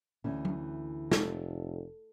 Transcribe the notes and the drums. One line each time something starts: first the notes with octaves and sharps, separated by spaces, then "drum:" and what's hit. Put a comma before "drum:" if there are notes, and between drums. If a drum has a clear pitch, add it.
D2 E3 C#4
drum: tom F#3
F1 A4, drum: snare